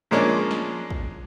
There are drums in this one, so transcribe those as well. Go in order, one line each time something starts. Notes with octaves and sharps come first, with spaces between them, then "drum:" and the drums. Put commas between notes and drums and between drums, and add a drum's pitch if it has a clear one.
A#2 F3 G#3 A#3 C#4 D4
drum: snare
drum: kick